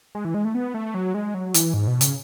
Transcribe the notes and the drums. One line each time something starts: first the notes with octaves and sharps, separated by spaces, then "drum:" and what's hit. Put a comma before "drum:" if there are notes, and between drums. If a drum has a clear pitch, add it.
G#3
E3
G#3
A3
B3
A3
F#3
G#3
F#3
E3, drum: hi-hat
G#2
B2
C#3, drum: hi-hat